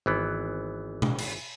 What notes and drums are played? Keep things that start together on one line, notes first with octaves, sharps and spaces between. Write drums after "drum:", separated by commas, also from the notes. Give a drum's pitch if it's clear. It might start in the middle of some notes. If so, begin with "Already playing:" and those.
G#1 E3 B3
drum: tom B2
drum: cymbal